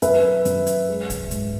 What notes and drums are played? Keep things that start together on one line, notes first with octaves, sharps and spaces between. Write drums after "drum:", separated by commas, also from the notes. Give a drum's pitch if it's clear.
F#2 B4 E5, drum: hi-hat
F#2, drum: hi-hat
drum: hi-hat
G#3
drum: kick C2, hi-hat
G#2, drum: hi-hat